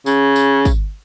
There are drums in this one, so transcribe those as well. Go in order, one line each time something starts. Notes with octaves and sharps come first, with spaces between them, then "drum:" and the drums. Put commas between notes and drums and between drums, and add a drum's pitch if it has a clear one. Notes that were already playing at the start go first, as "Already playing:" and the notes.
C#3, drum: tambourine
drum: tambourine
drum: kick, tambourine